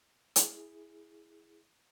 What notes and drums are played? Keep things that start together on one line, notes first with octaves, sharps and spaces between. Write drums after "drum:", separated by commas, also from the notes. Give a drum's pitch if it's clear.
E4 G#4, drum: hi-hat